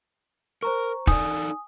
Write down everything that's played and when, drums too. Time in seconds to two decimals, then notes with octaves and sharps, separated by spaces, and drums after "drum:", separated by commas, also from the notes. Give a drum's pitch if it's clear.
0.63 A#4 C5 A#5 C#6
1.07 D#4 A4 D5 G#5 D#6, drum: kick E1